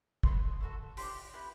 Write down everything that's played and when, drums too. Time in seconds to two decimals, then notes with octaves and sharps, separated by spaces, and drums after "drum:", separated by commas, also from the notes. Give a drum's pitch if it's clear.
0.23 B3 F#4 A4 C6, drum: kick
0.60 A3 D4 F#4 A4
0.97 D4 G4 C6, drum: open hi-hat
1.34 B3 E4 G4 F#6